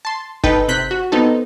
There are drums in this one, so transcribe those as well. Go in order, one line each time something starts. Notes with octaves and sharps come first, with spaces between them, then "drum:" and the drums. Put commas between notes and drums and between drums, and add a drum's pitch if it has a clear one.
A5 C6
D#4 A4 B4 G5, drum: kick G1
C3 F#6 G6 B6
F#4
B3 C4 D#4 A4